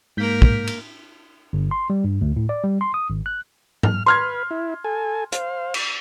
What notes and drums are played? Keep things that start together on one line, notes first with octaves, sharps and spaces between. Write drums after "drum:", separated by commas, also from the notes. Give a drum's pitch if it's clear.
G#2 A#3 A#4 G6 B6
drum: kick
drum: cymbal
G1
C6
G3
G2
D2
A2
D5
G3
C6
D#6
G#1
F#6
F6, drum: tom G#2
B4 C6 F6 G#6
E4
A4 G#5
C5 F5, drum: hi-hat
drum: cymbal